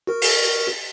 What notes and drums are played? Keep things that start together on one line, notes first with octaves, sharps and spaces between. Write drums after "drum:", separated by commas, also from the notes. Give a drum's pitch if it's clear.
F#4 A#4
drum: open hi-hat